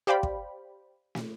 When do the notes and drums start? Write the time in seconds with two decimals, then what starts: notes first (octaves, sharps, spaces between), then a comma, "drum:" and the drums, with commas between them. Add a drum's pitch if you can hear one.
0.07 G4 C5 D5 F5 G5 B5
0.23 drum: kick
1.15 drum: snare